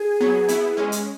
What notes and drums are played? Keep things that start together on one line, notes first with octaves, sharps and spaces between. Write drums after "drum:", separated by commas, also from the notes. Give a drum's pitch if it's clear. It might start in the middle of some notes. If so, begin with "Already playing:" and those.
Already playing: G#4
F#3 B3
B3 E4, drum: hi-hat
G#3 C#4
drum: hi-hat